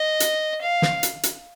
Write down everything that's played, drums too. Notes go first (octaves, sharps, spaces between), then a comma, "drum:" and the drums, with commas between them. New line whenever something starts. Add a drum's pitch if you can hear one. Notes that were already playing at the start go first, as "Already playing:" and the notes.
Already playing: D#5
drum: hi-hat
F5
drum: snare
drum: hi-hat
drum: hi-hat